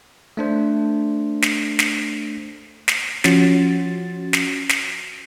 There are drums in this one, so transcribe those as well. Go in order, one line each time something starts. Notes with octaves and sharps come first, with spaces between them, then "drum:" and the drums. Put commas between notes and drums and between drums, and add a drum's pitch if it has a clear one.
A3 D4 C5
drum: snare
drum: snare
drum: snare
F3 C#4 F#4 A6, drum: snare
drum: snare
drum: snare